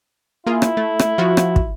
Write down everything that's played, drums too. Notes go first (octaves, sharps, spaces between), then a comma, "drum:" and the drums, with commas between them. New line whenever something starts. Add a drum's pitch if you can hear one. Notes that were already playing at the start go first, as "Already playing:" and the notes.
A#3 E4 F4 G#4
drum: rim click
A3
drum: rim click
F3 F4 F#4
drum: rim click
drum: kick